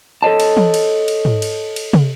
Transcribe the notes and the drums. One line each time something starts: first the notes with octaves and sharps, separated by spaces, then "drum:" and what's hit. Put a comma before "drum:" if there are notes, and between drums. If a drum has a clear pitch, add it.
A4 C#5 D#5 A5
drum: cymbal
drum: tom E3
drum: cymbal
drum: cymbal
drum: tom G#2
drum: cymbal
drum: cymbal
drum: tom